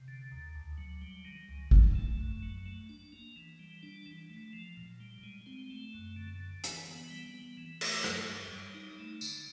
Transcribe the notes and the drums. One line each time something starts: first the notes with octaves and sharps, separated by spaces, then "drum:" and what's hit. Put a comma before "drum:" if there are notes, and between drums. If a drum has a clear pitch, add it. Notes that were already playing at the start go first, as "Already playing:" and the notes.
Already playing: C3
D3
D#2
D2
F#3
G3
D#3
C#2
C#2, drum: kick
A3
F#2
F#3
A3
D4
A#3
E3
G3
D4
E3
A3
F3
A#2
G3
G#3
C4
A3
F#2
D3
D3
E3, drum: hi-hat
B3
G3
B3
E3
A3, drum: cymbal
G2, drum: rim click
G3
G3
D#4
A3
D3, drum: tambourine